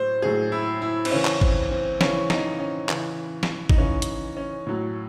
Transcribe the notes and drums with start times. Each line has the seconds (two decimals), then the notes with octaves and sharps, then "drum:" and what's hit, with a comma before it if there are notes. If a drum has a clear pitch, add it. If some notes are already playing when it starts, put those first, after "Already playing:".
Already playing: A2 F#3 C5
0.22 A2 F#3 G#4
0.52 E4
0.82 E4
1.05 C4, drum: cymbal
1.12 C#3 E3 C#4
1.25 drum: clap
1.41 C4, drum: kick
1.71 C4
2.01 C#3 E3 C#4, drum: snare
2.30 D#4, drum: snare
2.59 C#4
2.89 C#3 E3, drum: clap
3.43 drum: snare
3.69 D#4, drum: kick
3.78 C#3 E3 C#4
4.02 drum: hi-hat
4.37 C#4
4.67 A2 F#3